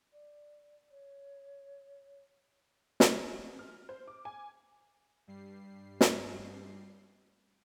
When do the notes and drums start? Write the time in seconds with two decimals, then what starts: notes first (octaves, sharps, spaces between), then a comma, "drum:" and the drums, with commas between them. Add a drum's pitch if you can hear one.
0.13 D5
0.91 C#5
3.00 drum: snare
3.59 F6
3.89 C5
4.08 D6
4.25 G#5
5.27 G2 G3 C7
6.01 drum: snare